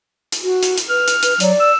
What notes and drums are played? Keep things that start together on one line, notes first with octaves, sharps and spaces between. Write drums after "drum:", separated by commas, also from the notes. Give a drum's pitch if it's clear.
drum: hi-hat
F#4
drum: hi-hat
drum: hi-hat
B4 F6
drum: hi-hat
B4, drum: hi-hat
F#3 D5, drum: hi-hat
E6